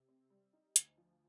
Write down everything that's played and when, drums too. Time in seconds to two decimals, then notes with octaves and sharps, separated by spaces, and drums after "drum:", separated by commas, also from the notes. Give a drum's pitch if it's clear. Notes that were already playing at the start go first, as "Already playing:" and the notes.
Already playing: C3
0.08 C4
0.30 G3
0.53 D#4
0.76 D2, drum: hi-hat
0.98 F3